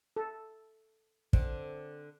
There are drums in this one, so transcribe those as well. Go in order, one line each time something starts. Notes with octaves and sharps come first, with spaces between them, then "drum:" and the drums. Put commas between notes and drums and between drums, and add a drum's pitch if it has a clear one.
A4
D3 C4, drum: kick